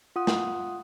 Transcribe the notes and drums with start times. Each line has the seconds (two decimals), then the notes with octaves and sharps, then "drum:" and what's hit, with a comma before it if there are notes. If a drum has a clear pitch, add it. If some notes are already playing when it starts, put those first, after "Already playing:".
0.16 F4 F#5 D#6
0.27 drum: snare